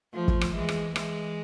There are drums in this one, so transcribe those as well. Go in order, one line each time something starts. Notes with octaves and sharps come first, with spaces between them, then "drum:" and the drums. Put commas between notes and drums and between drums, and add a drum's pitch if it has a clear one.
F3 A3
drum: kick
drum: rim click
E3 G#3
drum: rim click
E3 G#3, drum: rim click